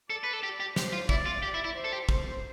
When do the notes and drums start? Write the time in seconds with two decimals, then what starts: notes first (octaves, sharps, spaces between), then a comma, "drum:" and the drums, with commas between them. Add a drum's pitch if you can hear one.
0.10 A4 D5
0.24 B4
0.33 A4
0.43 G4
0.60 G4
0.76 G4 C5, drum: snare
0.93 F4
1.09 E4 D5, drum: kick
1.26 F4
1.43 G4
1.54 E4
1.64 E4
1.75 C5
1.84 A4
1.92 G4
2.09 drum: kick